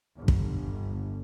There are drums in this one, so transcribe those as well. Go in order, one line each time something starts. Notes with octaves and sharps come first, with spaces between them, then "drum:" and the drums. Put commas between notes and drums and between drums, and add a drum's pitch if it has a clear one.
G1
drum: kick